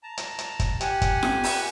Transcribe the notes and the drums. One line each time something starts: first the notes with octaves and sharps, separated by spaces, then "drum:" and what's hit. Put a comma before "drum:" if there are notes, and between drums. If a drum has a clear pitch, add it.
A5 A#5
drum: hi-hat
drum: hi-hat
drum: kick G1, hi-hat
G4 F#5 G#5, drum: hi-hat
drum: kick G1, hi-hat
drum: snare F4
drum: open hi-hat